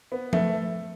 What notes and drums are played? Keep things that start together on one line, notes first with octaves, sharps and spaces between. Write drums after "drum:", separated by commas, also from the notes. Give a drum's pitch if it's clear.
B3
A3, drum: tom F3